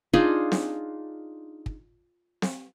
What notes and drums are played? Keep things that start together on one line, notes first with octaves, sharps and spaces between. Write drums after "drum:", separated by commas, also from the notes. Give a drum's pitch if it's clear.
D4 D#4 F4 G#4, drum: kick
drum: snare C4
drum: kick
drum: snare C4